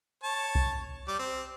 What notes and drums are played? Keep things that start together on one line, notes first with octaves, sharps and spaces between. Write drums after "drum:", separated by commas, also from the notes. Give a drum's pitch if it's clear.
C#5 A5
drum: kick B1
G3 D5
C4